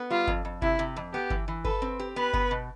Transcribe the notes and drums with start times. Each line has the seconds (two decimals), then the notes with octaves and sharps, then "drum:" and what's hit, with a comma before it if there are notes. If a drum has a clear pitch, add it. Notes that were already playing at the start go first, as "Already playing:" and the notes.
Already playing: B3
0.11 G3 F4
0.27 F2, drum: kick G1
0.45 F2
0.62 C3 E4, drum: kick G1
0.79 C3
0.96 F2
1.13 B3 G4
1.30 E3, drum: kick G1
1.48 E3
1.65 A4 B4, drum: kick G1
1.82 C4
2.00 G4
2.16 B3 B4
2.33 B3, drum: kick G1
2.51 B2